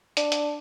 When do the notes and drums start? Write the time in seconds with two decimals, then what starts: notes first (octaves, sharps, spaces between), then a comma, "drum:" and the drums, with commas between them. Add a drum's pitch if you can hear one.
0.17 D4, drum: hi-hat
0.32 drum: hi-hat